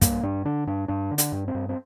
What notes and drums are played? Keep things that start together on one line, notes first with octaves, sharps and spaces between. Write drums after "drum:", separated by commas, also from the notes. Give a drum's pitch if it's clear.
G2 A#3, drum: kick, hi-hat
G2 D4
D3 D4
G2 D4
G2 D4
D3
D4, drum: hi-hat
G2
C4
G2
C4